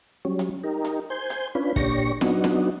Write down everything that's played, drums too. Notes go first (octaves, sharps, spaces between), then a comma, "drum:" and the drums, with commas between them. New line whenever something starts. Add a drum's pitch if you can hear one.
F#3 G3 C#4
drum: hi-hat
D#4 G4 A#4
drum: hi-hat
C5 G#5 G6
drum: hi-hat
C#4 D4 F4 B4
A#2 D4 G4 C#5 C#6 A#6, drum: kick, hi-hat
F#3 B3 D4 D#4 F#4, drum: snare
drum: snare